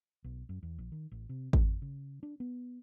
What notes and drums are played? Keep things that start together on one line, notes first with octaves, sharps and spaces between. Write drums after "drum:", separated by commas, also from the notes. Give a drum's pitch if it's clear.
B1
F#2
E2
A#1
D#3
A1
C3
F2, drum: kick G#1
C#3
D4
B3